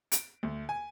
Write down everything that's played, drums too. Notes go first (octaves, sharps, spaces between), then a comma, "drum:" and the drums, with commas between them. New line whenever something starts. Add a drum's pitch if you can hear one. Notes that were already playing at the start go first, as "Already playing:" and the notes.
D7, drum: hi-hat
D2
G#5